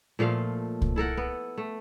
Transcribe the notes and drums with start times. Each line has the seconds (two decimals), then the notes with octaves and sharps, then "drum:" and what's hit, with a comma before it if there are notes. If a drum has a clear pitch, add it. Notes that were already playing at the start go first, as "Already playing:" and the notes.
0.19 A#2 F3 A3 F5
0.82 drum: kick C2
0.96 E4 A4 A#4 F#5
1.17 B3
1.58 A3